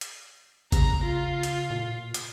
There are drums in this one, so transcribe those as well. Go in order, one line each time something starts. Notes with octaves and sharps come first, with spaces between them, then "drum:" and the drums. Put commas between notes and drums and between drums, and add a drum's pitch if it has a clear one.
drum: hi-hat
C#3 A#5, drum: kick G#1, hi-hat
F4
drum: hi-hat
A#2
drum: hi-hat